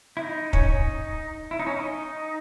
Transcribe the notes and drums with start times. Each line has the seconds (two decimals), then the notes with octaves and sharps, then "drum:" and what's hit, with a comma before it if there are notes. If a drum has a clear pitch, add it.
0.17 E4
0.21 D#4
0.53 C#4, drum: kick
0.65 D#4
1.51 E4
1.59 D#4
1.67 C#4
1.74 D#4